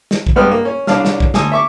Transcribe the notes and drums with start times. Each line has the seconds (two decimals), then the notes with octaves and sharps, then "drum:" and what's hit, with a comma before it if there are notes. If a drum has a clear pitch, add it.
0.11 drum: snare
0.27 drum: kick A#1
0.36 G2 G#3 B3 B4 G5 F6
0.51 A#3
0.65 C#4
0.87 C2 C#4 D4 F5 A5 F6, drum: snare
1.05 drum: snare
1.20 drum: kick A#1
1.34 D2 G#5 D#6, drum: snare
1.52 E5 C#6 D6